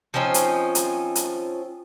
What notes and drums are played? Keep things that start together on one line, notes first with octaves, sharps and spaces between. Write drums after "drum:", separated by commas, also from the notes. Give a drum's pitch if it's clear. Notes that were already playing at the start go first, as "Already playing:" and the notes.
F3 C4 C#4 D#4
drum: hi-hat
drum: hi-hat
drum: hi-hat